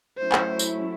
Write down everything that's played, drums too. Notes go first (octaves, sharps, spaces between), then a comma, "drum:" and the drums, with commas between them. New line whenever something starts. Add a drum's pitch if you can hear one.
F#3 A3 C#4 E4 C5
drum: clap
drum: tambourine